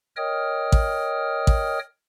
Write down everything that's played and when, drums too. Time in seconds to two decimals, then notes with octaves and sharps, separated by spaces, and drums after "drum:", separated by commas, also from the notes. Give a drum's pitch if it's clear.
0.16 A#4 C#5 D#5 G5 D#6 F6
0.72 drum: kick A1
1.47 drum: kick A1